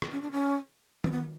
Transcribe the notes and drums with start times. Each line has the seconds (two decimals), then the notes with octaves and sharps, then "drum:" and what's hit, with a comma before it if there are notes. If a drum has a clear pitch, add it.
0.02 drum: rim click
0.12 C#4
0.22 D4
0.32 C#4
1.04 C4, drum: tom D#3
1.11 B3